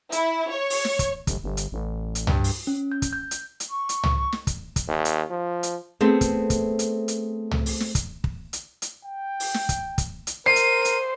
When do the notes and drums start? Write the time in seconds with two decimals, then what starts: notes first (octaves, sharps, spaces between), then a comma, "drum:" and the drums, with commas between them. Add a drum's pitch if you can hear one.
0.12 E4, drum: hi-hat
0.50 C#5
0.70 drum: open hi-hat
0.85 drum: snare
0.99 drum: kick, hi-hat
1.27 G1, drum: kick, hi-hat
1.43 G1
1.57 drum: hi-hat
1.72 A1
2.15 drum: hi-hat
2.27 G2, drum: tom
2.44 drum: open hi-hat
2.67 C#4
2.92 G6
3.02 drum: kick, hi-hat
3.13 G6
3.31 drum: hi-hat
3.60 drum: hi-hat
3.69 C#6
3.89 drum: hi-hat
4.04 drum: tom
4.32 drum: snare
4.47 drum: kick, hi-hat
4.76 drum: kick, hi-hat
4.88 D#2
5.05 drum: hi-hat
5.30 F3
5.63 drum: hi-hat
6.01 A3 B3 C4 G#4 A4
6.21 drum: kick, hi-hat
6.50 drum: kick, hi-hat
6.79 drum: hi-hat
7.08 drum: hi-hat
7.51 drum: tom
7.66 drum: open hi-hat
7.80 drum: snare
7.95 drum: kick, hi-hat
8.24 drum: kick
8.53 drum: hi-hat
8.82 drum: hi-hat
9.05 G5
9.40 drum: open hi-hat
9.54 drum: snare
9.69 drum: kick, hi-hat
9.98 drum: kick, hi-hat
10.27 drum: hi-hat
10.46 A#4 C5 C7 D#7
10.56 drum: hi-hat
10.85 drum: hi-hat